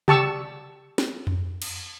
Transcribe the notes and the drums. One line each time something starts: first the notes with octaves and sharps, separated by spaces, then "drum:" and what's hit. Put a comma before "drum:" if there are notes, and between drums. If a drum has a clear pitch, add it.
G4 A5 C#6 E6, drum: tom C3
drum: snare
drum: tom F2
drum: cymbal